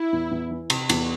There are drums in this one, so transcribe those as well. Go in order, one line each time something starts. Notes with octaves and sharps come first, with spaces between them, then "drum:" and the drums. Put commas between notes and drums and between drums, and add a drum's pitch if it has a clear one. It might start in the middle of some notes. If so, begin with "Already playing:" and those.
Already playing: E4
E2
E2
E3
C3, drum: cymbal
E2, drum: cymbal